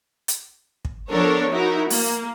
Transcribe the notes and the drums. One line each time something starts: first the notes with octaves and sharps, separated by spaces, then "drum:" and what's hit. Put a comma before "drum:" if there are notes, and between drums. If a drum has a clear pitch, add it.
drum: hi-hat
drum: kick
F3 B3 D4 A4 A#4 C#5
D#4 E4 F#4 A#4
A#3, drum: open hi-hat